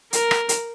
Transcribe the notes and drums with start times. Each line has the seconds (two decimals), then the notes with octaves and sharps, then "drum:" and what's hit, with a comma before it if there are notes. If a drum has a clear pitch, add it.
0.13 A#4, drum: hi-hat
0.31 drum: rim click
0.49 drum: hi-hat